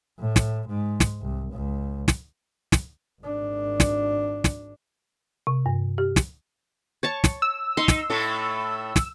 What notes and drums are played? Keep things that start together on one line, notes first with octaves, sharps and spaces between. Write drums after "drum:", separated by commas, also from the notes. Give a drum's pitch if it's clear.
A2
drum: snare
G#2
drum: snare
C2
C#2
drum: snare
drum: snare
G#1 D4
drum: snare
drum: snare
C3
G2
G4
drum: snare
C#5 A5 C#6
drum: snare
E6
D#4 C6
drum: snare
A2 A3 A4
drum: snare